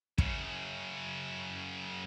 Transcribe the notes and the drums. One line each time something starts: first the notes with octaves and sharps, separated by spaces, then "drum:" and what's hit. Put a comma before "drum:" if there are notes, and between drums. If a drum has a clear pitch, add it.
F#2 C#3, drum: kick